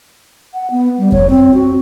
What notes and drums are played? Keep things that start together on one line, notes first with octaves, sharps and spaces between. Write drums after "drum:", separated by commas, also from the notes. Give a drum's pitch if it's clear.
F#5
B3
G3
C#5, drum: kick F2
C4
F#4